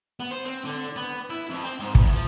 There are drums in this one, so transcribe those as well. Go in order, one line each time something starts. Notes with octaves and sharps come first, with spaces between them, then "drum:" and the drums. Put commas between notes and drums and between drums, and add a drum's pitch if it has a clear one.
B3
C5
C4
D3
B3
E4
F2
C4
G#2
E2, drum: kick
F3